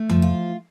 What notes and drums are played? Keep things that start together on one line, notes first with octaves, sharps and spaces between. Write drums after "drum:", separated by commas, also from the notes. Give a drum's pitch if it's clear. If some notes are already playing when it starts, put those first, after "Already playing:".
Already playing: A3
F3, drum: tom F2
F4